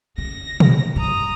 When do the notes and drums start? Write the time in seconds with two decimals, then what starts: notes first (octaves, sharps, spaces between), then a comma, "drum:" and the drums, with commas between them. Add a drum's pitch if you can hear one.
0.18 C#3 A#6
0.60 drum: tom
0.96 G2 G3 A#5 D#6